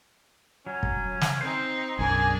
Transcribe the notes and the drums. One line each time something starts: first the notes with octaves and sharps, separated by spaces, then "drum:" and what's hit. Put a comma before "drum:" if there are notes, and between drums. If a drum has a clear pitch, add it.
F#3 C#4
drum: kick
drum: snare
C4 D#4 C5
B1 F#2 D4 G#4 A#4 G#5